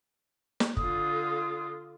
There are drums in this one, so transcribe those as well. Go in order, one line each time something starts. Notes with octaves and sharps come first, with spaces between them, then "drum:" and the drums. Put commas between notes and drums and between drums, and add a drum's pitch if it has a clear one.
drum: snare
D3 F4 D#6, drum: kick